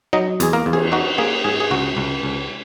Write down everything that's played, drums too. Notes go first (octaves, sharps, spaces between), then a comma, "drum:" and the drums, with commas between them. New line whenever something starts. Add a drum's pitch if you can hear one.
F#3 D#4 D#5
E2 G#4, drum: hi-hat
A#3 A#4
E2
G#4, drum: cymbal
D#4 F#4
A#3 G#4
G#2 G#4
G#4
C#2 F#4
C#2
C#2